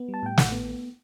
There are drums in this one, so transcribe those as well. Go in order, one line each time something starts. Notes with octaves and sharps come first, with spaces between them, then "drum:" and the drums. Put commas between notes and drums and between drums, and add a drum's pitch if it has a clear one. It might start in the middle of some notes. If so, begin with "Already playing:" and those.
Already playing: B3
G3
A5
A2 G5
A1 F#5, drum: snare
B3